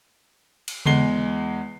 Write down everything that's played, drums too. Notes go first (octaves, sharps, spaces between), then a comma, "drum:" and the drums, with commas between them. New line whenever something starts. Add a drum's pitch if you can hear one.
drum: cymbal
E2 G#3 C7 G7, drum: tom C#3